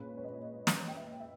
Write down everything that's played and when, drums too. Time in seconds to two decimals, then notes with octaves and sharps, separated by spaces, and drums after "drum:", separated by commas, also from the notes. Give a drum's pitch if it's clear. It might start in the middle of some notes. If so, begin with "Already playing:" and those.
Already playing: A#2 G#3 C#4 B4
0.17 C#5
0.24 D#5
0.67 drum: snare
0.88 G5
0.97 E5
1.20 E5